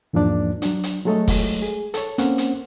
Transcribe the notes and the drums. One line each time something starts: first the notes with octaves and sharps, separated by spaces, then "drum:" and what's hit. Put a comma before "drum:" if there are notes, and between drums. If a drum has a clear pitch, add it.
E2 G#2 F3 A#3 D4 D5
F#3 D4, drum: hi-hat
drum: hi-hat
F#3 G#3 A3 A4 C#5 D#5
drum: kick, open hi-hat
G#4
A4 C#5, drum: hi-hat
A#3 C4 C#4 C5 F#5, drum: hi-hat
drum: hi-hat